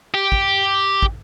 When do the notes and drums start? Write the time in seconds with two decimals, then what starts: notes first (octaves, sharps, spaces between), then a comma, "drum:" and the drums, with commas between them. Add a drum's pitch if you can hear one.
0.14 G4
0.32 drum: kick
1.02 drum: kick